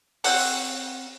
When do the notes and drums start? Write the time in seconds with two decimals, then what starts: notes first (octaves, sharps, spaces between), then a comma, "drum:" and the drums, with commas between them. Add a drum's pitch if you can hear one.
0.24 C4 F#5 C#6, drum: open hi-hat